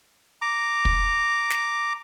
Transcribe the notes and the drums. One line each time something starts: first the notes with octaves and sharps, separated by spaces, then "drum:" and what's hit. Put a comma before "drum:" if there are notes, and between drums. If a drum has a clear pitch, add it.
A#5 D6
drum: kick
drum: snare